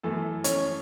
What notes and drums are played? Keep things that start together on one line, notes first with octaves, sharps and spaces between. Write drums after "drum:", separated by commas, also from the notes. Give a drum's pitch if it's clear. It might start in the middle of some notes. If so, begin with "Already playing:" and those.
F#2 E3 A3 A4
C#4 C#5, drum: hi-hat